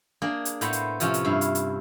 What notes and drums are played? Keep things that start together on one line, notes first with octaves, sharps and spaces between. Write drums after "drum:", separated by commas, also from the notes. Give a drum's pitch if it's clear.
A#3 D4 G#4
drum: hi-hat
A2 B3 C5 A#5 B5, drum: hi-hat
drum: hi-hat
C3 F3 C#4, drum: hi-hat
drum: hi-hat
G2 E4 F5
drum: hi-hat
drum: hi-hat